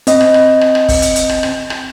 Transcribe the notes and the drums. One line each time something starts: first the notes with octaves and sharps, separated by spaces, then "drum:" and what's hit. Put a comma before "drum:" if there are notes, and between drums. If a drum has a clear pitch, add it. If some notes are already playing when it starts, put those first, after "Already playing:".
C4 D#5, drum: hi-hat
drum: rim click
drum: rim click
drum: rim click
drum: rim click
drum: kick, open hi-hat
drum: hi-hat
drum: hi-hat
drum: rim click
drum: rim click
drum: rim click